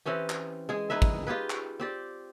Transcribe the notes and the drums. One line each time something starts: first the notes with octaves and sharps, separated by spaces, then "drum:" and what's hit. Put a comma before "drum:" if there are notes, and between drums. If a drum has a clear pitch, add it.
E3 C4 C#4 G4
drum: clap
G#3 G#4
D#4 G#4 B4 E5
drum: kick
F4 G4 G#4 B4
drum: clap
C4 G4 D5